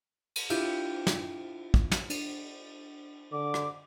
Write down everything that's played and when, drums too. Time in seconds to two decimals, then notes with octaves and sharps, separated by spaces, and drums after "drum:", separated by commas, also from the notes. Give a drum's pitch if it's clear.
0.35 drum: cymbal
0.50 D4 E4 F4 G4, drum: cymbal
1.07 drum: snare
1.74 drum: kick
1.92 drum: snare
2.10 D4, drum: cymbal
3.32 D3 D6
3.54 drum: rim click